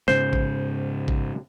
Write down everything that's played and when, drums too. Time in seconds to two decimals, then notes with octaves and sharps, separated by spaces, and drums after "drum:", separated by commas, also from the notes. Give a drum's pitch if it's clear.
0.08 G#2 C#3 C5, drum: snare
0.33 drum: kick
1.08 drum: kick